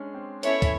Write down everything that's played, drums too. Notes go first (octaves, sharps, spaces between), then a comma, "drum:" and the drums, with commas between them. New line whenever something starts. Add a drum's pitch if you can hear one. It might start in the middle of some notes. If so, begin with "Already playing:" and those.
Already playing: G#3 C#4 D4
C4
B3 C#4 E4 A4 C#5 E5, drum: hi-hat
drum: kick, hi-hat